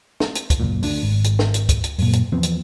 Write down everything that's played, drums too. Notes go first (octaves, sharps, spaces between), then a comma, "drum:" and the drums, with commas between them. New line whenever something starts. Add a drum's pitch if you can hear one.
drum: snare
drum: hi-hat
drum: kick, hi-hat
F#1 A#2
D2 D4, drum: open hi-hat
G#1
drum: hi-hat
drum: snare
drum: hi-hat
drum: kick, hi-hat
drum: hi-hat
F#2 A#2, drum: open hi-hat
drum: hi-hat
E2 F3 B3 C4
drum: hi-hat